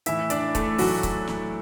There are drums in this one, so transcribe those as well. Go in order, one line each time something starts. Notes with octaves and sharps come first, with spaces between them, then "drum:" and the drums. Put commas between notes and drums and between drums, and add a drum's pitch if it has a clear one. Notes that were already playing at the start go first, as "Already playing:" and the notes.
A2 E3 E4 E5, drum: hi-hat
D4 D5, drum: hi-hat
A3 A4, drum: kick C#1, hi-hat
A2 E3 F#3 F#4, drum: open hi-hat
drum: kick C#1, hi-hat
drum: snare